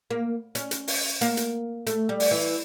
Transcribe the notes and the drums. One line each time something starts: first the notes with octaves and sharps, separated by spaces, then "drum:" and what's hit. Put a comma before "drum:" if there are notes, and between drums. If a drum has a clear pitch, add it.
A#3
C#4, drum: hi-hat
drum: hi-hat
drum: open hi-hat
A#3, drum: hi-hat
drum: hi-hat
A3, drum: hi-hat
G3
drum: open hi-hat
E3